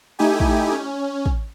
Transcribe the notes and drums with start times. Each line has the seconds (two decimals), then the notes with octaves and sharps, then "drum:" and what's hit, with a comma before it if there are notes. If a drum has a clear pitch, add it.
0.19 A3 D#4 E4 G4 G#5
0.40 drum: kick
0.73 C#4
1.26 drum: kick